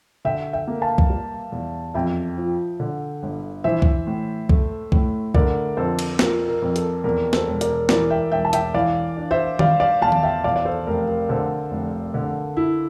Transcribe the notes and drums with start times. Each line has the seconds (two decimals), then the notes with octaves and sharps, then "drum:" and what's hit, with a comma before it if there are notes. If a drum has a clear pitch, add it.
0.25 D3 E5 G5
0.53 E5 G5
0.67 A#3
0.82 F5 A5
0.98 drum: kick C2
1.10 G3
1.52 E2
1.94 F2 E5 G5
2.37 F3
2.80 D3
3.23 G1
3.64 E3 C5 E5
3.82 drum: kick C2
4.07 A2
4.49 A3, drum: kick C2
4.92 A2, drum: kick C2
5.35 D3 A#4 D5, drum: kick C2
5.77 F2 A4 C5
5.99 drum: cymbal
6.19 F3 A#4, drum: snare
6.48 A#4
6.62 F2
6.76 A4, drum: hi-hat
7.04 E2 A#4
7.33 A4 C5, drum: snare
7.48 E1
7.61 A#4 D5, drum: hi-hat
7.89 E3 A#4 D5, drum: snare
8.10 E5 G5
8.31 E1 E5 G5
8.45 A5
8.53 E5 G5, drum: hi-hat
8.74 E3 D5 F5
9.17 D4
9.31 C5 E5
9.59 G3 D5 F5, drum: tom D#3
9.80 D5 F5
10.02 E2 F5 A5
10.12 drum: tom D#3
10.23 E5 G5
10.44 E2 D5 F5
10.56 D5
10.65 A4 C5
10.87 F1 A#4
11.08 A#4
11.29 D3 A4 C5
11.71 F1
12.14 D3
12.57 E4